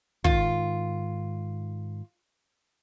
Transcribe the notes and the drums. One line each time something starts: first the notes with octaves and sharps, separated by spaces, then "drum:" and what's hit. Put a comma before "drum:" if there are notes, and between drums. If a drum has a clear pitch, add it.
G#2 D#3 F4, drum: kick